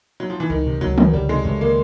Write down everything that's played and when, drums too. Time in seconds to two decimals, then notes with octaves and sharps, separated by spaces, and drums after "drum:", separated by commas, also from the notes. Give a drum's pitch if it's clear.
0.20 F#3
0.30 F3
0.40 E3
0.50 C#2 D#3
0.66 C3
0.81 C#2 F#3
0.98 D#3, drum: tom
1.13 C#2 G3
1.29 C3 G#3
1.44 C#2 A3
1.61 D#3 A#3